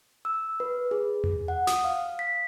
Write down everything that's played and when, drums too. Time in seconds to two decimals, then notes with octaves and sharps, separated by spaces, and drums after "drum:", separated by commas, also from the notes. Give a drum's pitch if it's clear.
0.25 E6
0.60 B4
0.91 G#4
1.24 drum: tom E2
1.48 F#5
1.67 D#6, drum: snare
1.84 F5
2.19 B6